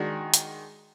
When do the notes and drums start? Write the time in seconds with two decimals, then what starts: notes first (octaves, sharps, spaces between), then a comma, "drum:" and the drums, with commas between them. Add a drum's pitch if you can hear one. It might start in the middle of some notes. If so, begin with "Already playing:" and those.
Already playing: D#3 G#3 D4 F#4
0.34 drum: hi-hat